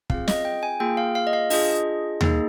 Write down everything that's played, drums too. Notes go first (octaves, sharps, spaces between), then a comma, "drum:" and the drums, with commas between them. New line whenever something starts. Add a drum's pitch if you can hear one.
C4 F4 G#4 F5, drum: kick
D#5, drum: snare
G5
G#5
A#3 F4 G#4 G5
F5
F5
D#5
F5
D4 F4 G#4 D#5, drum: open hi-hat
A#3 D#4 G#4, drum: tom D#2